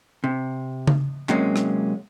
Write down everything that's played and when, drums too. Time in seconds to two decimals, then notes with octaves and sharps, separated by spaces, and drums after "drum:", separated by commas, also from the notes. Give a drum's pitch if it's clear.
0.24 C3
0.87 drum: tom C#3
1.29 C3 F#3 G#3 A#3 C#4, drum: clap
1.56 drum: rim click